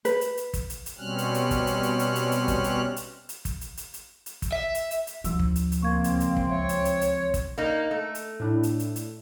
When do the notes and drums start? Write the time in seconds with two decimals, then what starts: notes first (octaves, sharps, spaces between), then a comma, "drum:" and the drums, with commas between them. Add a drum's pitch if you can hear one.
0.05 B4, drum: hi-hat
0.21 drum: hi-hat
0.37 drum: hi-hat
0.54 drum: kick, hi-hat
0.70 drum: hi-hat
0.86 drum: hi-hat
0.98 B2 G3 C4 C#4 F6 F#6
1.18 drum: hi-hat
1.34 drum: hi-hat
1.51 drum: kick, hi-hat
1.67 drum: hi-hat
1.83 drum: hi-hat
1.99 drum: hi-hat
2.15 drum: hi-hat
2.32 drum: hi-hat
2.48 drum: kick, hi-hat
2.64 drum: hi-hat
2.96 drum: hi-hat
3.29 drum: hi-hat
3.45 drum: kick, hi-hat
3.61 drum: hi-hat
3.77 drum: hi-hat
3.94 drum: hi-hat
4.26 drum: hi-hat
4.42 drum: kick, hi-hat
4.52 E5
4.75 drum: hi-hat
4.91 drum: hi-hat
5.07 drum: hi-hat
5.24 D2 F3 E6, drum: hi-hat
5.39 drum: kick
5.56 drum: hi-hat
5.72 drum: hi-hat
5.82 C#2 A#3 C4 C#6 G#6
6.04 drum: hi-hat
6.20 drum: hi-hat
6.37 drum: kick
6.50 C#5 E5
6.69 drum: hi-hat
6.85 drum: hi-hat
7.01 drum: hi-hat
7.34 drum: kick, hi-hat
7.58 A#3 D#4
7.91 A3
8.15 drum: hi-hat
8.40 A2 D4 E4
8.63 drum: hi-hat
8.79 drum: hi-hat
8.96 drum: hi-hat